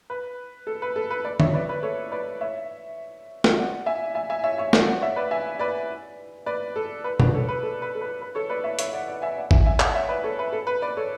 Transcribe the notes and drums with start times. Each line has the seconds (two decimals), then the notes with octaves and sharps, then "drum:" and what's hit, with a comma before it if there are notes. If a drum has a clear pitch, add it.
0.10 B4
0.67 A4
0.82 B4
0.96 A4
1.11 B4
1.25 B4 D5
1.40 C#5 E5, drum: tom
1.54 B4 D5
1.69 B4
1.83 A4 C#5
2.12 B4 D5
2.41 C#5 E5
3.44 drum: snare
3.56 D5 F#5
3.86 E5 G#5
4.15 E5 G#5
4.30 E5 G#5
4.44 C#5 E5
4.58 C#5 E5
4.73 D5 F#5, drum: snare
4.87 D5 F#5
5.02 C#5 E5
5.16 B4 D5
5.31 E5 G#5
5.59 B4 D5
6.46 B4 D5
6.76 A4
7.04 B4
7.20 B4 D5, drum: tom B2
7.33 A4 C#5
7.49 B4
7.63 A4
7.82 B4
7.95 A4
8.01 B4
8.22 B4
8.35 A4 C#5
8.50 B4 D5
8.64 C#5 E5
8.79 C#5 E5, drum: hi-hat
8.93 D5 F#5
9.07 D5 F#5
9.22 E5 G#5
9.37 D5 F#5
9.51 E5 G#5, drum: kick G#1
9.66 E5 G#5
9.80 D5 F#5, drum: clap
9.95 C#5 E5
10.09 B4 D5
10.24 A4 C#5
10.39 B4
10.52 A4
10.67 B4
10.82 B4 D5
10.97 A4 C#5